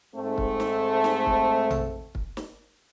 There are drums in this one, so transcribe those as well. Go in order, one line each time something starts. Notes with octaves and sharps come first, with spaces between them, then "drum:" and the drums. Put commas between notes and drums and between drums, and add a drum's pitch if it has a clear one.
G#2 A3 C4
drum: kick
drum: snare
drum: snare
drum: kick
drum: tom A#1
drum: kick
drum: snare